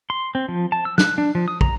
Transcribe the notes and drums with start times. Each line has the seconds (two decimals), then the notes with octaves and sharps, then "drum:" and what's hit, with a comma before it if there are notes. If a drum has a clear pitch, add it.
0.10 C6
0.35 C4
0.49 F3
0.72 A5
0.85 E6
0.98 F#6, drum: snare
1.18 D4
1.35 F3
1.48 D#6
1.61 A#5, drum: kick